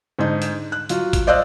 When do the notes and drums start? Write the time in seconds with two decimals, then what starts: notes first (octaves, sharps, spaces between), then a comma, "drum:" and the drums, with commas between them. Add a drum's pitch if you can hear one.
0.19 G#2 D3 D#4
0.42 drum: hi-hat
0.72 F#6
0.89 F#3 F4, drum: hi-hat
1.13 drum: kick, hi-hat
1.27 C5 D5 D#5 F5 E6 F#6